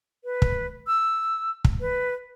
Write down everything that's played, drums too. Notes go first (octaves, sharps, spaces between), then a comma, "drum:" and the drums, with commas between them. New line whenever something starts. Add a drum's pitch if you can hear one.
B4
drum: kick
E6
drum: kick
B4